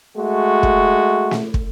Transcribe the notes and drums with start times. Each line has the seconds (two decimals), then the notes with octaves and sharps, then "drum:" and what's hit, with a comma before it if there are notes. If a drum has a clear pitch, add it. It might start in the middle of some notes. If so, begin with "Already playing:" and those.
0.18 G#3 A3 F#4
0.63 drum: kick
1.31 drum: snare
1.54 drum: kick